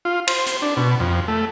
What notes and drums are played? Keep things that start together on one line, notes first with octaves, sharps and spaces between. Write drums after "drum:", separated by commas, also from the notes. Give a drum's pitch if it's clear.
F4
C5, drum: cymbal
drum: hi-hat
D4
B2
F2
A3